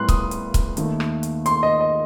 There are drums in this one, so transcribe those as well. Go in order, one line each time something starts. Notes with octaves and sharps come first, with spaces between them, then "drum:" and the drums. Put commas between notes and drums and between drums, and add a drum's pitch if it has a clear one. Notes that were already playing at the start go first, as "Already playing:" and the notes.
Already playing: A2 G3 B3 C6 F#6
D#6, drum: kick C#1, hi-hat
drum: hi-hat
drum: kick C#1, hi-hat
D#2 D#3 A3, drum: hi-hat
drum: rim click
drum: hi-hat
C6, drum: hi-hat
D#5
D#5